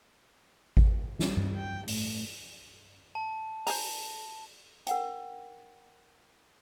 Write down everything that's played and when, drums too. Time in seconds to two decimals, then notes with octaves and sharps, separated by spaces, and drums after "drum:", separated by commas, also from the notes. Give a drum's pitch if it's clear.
0.77 drum: kick G#1
1.19 G3, drum: snare
1.37 drum: tom G2
1.56 G5
1.88 A2, drum: open hi-hat
3.15 A5
3.67 C5 G#5 A#5, drum: open hi-hat
4.87 A#4 F#5 G5, drum: hi-hat